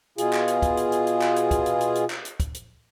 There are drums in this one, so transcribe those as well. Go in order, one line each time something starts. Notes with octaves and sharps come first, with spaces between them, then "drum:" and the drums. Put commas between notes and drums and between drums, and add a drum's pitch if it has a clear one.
B2 F4 G#4, drum: hi-hat
drum: clap
drum: hi-hat
drum: kick, hi-hat
drum: hi-hat
drum: hi-hat
drum: hi-hat
drum: clap
drum: hi-hat
drum: kick, hi-hat
drum: hi-hat
drum: hi-hat
drum: hi-hat
drum: clap
drum: hi-hat
drum: kick, hi-hat
drum: hi-hat